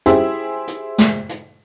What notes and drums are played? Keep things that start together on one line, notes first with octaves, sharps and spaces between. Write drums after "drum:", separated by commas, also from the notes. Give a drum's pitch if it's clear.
E4 G4 G#4 C5 E5, drum: hi-hat
drum: hi-hat
drum: snare
drum: hi-hat